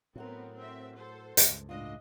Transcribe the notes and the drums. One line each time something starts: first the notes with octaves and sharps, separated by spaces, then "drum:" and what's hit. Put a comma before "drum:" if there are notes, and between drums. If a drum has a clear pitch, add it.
A2 F#3 B3 C4 F#4 A#4
C4 E5
A4 C5
C#2 G2, drum: hi-hat
A2 D4 F4 D#5